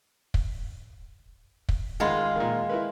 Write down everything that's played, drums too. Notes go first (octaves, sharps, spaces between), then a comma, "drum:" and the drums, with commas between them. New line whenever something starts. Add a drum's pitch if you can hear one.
drum: kick
drum: kick
D#3 G#3 F4 F#5 B5
A#2 D#3
E4 A#4 B4